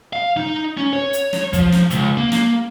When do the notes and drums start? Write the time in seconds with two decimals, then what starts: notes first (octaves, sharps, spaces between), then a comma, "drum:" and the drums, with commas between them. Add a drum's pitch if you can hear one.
0.13 F5
0.37 D#4
0.77 C#4
0.93 C#5
1.13 drum: hi-hat
1.33 drum: snare
1.53 F3, drum: kick, hi-hat
1.72 drum: snare
1.90 C#2, drum: hi-hat
2.17 A#3
2.32 drum: snare